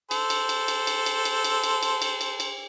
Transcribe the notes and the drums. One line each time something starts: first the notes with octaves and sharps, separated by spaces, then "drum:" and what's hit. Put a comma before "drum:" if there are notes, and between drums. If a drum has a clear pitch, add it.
A4 C5, drum: cymbal
drum: cymbal
drum: cymbal
drum: cymbal
drum: cymbal
drum: cymbal
drum: cymbal
drum: cymbal
drum: cymbal
drum: cymbal
drum: cymbal
drum: cymbal
drum: cymbal